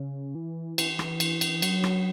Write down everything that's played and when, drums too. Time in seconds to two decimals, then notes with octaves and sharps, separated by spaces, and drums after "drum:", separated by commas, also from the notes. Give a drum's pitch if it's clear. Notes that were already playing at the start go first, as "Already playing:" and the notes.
Already playing: C#3
0.35 E3
0.78 E3, drum: cymbal
0.99 drum: rim click
1.20 drum: cymbal
1.41 drum: cymbal
1.62 F#3, drum: cymbal
1.84 drum: rim click